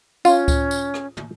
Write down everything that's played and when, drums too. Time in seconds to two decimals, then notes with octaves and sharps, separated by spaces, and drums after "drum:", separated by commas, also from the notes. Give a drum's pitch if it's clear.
0.25 C#4 F4, drum: tambourine
0.48 drum: kick C#2, tambourine
0.71 drum: tambourine
0.94 drum: rim click
1.17 drum: tom